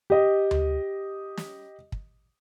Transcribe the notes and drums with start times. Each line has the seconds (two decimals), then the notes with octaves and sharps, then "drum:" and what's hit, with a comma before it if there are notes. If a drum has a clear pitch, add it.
0.10 G4 D#5
0.51 drum: tom D2
1.37 drum: snare
1.92 drum: kick